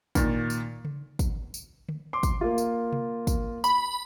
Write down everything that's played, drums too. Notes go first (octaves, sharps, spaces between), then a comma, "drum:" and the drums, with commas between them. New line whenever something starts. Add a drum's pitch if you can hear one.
A#2 D#3, drum: kick, tambourine
drum: tambourine
drum: tom C#3
drum: kick, tambourine
drum: tambourine
drum: tom D3
C6 D6
drum: kick, tambourine
A#3 F4
drum: tambourine
drum: tom C3
drum: kick, tambourine
B5, drum: tambourine